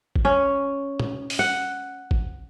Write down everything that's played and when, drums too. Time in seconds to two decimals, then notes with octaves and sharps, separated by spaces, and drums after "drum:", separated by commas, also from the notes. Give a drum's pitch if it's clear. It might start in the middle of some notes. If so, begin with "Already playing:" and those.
0.16 drum: kick
0.25 C#4
1.00 drum: tom
1.30 drum: open hi-hat
1.39 F#5
2.11 drum: kick